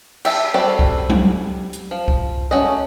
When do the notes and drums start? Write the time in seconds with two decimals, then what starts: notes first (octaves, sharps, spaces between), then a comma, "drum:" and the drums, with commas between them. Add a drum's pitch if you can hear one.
0.25 G4 E5 A5, drum: cymbal
0.54 G3 C4 F#4 A4 D5
0.79 drum: kick C2
1.10 drum: tom F#3
1.73 drum: hi-hat
1.91 F3
2.08 drum: kick C2
2.51 A3 C#4 F#4 D5 D#5